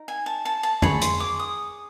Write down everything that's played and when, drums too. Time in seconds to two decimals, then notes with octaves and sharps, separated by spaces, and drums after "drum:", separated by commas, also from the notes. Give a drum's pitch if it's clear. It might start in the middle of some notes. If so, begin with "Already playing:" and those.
Already playing: D#4 A#4
0.08 G#5
0.26 A5
0.45 A5
0.63 A5
0.82 G#4 C#5 B5, drum: tom F2
1.01 C6, drum: hi-hat
1.20 D6
1.39 D#6